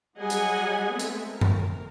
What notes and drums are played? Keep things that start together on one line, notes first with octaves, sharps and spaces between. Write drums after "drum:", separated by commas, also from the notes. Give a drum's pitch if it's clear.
F#3 G3 G#4 D#5 F#5 G#5
drum: hi-hat
G#3 A3 B3 C4
drum: hi-hat
A#4
drum: tom F#2